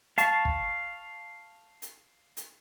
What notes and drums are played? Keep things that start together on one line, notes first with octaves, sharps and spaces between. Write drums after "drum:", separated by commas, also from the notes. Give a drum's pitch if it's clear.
F5 A5 C#6, drum: hi-hat
drum: kick
drum: hi-hat
drum: hi-hat